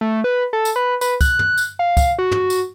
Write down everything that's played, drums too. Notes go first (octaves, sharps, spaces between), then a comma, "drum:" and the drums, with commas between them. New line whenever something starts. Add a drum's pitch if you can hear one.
A3
B4
A4
drum: tambourine
B4
B4, drum: tambourine
F#6, drum: kick, tambourine
drum: tom
drum: tambourine
F5
F5, drum: kick, tambourine
F#4
drum: tom
drum: tambourine